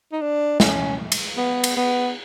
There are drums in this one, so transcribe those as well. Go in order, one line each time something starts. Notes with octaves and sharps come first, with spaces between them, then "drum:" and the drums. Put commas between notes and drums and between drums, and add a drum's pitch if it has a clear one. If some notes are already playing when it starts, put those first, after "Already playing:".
D#4
D4
C#4, drum: snare
drum: cymbal
B3
drum: cymbal
B3